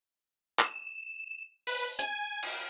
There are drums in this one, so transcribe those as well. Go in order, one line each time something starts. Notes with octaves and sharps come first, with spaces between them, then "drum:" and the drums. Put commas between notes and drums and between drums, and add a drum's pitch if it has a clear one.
E7, drum: clap
B4, drum: open hi-hat
G#5, drum: hi-hat
drum: cymbal